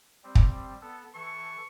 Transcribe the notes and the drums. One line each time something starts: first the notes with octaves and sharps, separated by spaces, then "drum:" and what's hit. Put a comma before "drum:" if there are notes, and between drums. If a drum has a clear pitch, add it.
G3 C4
drum: kick
B3 A4
E3 A4 C#6